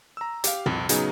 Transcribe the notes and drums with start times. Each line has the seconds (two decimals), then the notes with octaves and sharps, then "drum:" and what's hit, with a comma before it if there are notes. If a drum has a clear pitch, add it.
0.17 A#5 E6
0.44 G4 F5, drum: hi-hat
0.66 C2 F2, drum: tom
0.89 C#3 F#3 B3 D#4 G#4, drum: hi-hat